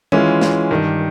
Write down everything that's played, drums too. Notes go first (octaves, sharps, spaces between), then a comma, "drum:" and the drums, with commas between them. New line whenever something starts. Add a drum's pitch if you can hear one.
E3 G#3 C#4 F4, drum: tom D#3
drum: snare
G2 D#3 G3